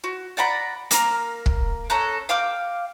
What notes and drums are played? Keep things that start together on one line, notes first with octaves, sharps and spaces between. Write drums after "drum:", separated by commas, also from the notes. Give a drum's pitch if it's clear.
F#4
D5 F#5 A#5 B5
A#3 A#4, drum: hi-hat
drum: kick
C#4 A4 A#5 F#6
F5 G5 D6 F6